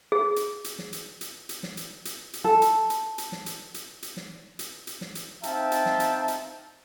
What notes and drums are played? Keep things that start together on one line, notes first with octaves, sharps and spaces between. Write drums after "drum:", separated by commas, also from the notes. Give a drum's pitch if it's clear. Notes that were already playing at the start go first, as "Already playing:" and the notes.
G#4
drum: hi-hat
drum: hi-hat
drum: snare
drum: hi-hat
drum: hi-hat
drum: hi-hat
drum: snare
drum: hi-hat
drum: hi-hat
drum: hi-hat
A4
drum: hi-hat
drum: hi-hat
drum: hi-hat
drum: snare
drum: hi-hat
drum: hi-hat
drum: hi-hat
drum: snare
drum: hi-hat
drum: hi-hat
drum: snare
drum: hi-hat
C4 D#4 E5 F5 G5 A5, drum: hi-hat
drum: hi-hat
drum: snare
drum: hi-hat
drum: hi-hat